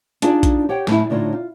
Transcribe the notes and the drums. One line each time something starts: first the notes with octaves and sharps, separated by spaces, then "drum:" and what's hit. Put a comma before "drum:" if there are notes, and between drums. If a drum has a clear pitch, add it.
D4 D#4 F4 G#4 D5, drum: hi-hat
drum: kick A#1, hi-hat
G4 C#5 F#5 G5
A2 E4, drum: snare
A2 D3 D#4 F4 C#5
F4